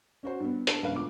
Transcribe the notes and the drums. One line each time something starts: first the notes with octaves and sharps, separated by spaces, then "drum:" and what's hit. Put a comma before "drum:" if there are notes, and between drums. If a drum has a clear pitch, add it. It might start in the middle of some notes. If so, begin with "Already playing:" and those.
C#4 F#4 C5
G2 B3
D3 B4 A5, drum: hi-hat
E1 F#2 D3 B4 F5
D2 F4 D6